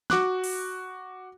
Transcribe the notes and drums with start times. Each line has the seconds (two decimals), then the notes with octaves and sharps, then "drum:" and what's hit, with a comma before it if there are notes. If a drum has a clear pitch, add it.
0.10 F#4 D6 F#6, drum: snare
0.44 drum: open hi-hat